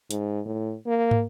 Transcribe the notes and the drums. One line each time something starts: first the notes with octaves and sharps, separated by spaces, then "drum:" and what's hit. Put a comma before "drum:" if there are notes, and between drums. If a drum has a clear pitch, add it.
G#2, drum: hi-hat
A2
A#3
drum: tom